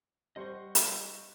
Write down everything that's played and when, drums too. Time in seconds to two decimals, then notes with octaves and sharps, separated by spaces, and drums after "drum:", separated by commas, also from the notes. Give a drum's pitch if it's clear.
0.36 G3 C5 D#5 F#5 C#6
0.75 drum: hi-hat